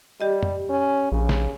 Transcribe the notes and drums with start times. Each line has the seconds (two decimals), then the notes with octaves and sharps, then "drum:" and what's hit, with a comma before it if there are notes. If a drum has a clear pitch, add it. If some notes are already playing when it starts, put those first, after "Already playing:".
0.21 G3 G4 D#5
0.43 drum: tom F2
0.69 C#4
1.12 A#1 C#3
1.29 drum: snare